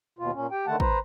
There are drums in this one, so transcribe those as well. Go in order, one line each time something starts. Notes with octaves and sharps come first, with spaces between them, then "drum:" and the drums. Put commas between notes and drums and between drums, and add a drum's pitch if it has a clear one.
D#2 B2 F4
A#2 C#4
G4 G5
D3 D#3 A3 F#5 A5
B4 C5 A#5, drum: kick